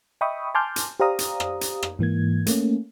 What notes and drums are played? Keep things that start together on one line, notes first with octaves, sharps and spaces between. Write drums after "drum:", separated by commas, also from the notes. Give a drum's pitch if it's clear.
D#5 E5 G5 B5 C#6 D#6
G#5 A5 C6 D6 F6 G6
drum: hi-hat
G4 C5 D5 F5 A#5 D#6
drum: hi-hat
drum: rim click
drum: hi-hat
drum: rim click
G#2 E3 A#3 G#6
A3 A#3 C#4, drum: hi-hat